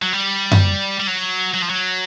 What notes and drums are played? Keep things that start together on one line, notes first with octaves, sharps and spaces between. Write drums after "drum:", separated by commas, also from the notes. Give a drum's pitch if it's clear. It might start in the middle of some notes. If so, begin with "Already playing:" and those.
F#3
G3
drum: tom F#2
G3
F#3
F#3
F3
F#3